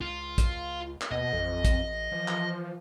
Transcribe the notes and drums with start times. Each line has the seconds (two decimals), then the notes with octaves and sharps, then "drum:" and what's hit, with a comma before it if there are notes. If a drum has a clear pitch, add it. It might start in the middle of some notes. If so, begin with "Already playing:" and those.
0.01 C#2 F4
0.38 drum: kick, hi-hat
1.01 drum: clap
1.12 D#2 B2 D#5
1.33 A1 F2
1.65 drum: kick, hi-hat
2.12 E3 F3
2.28 drum: clap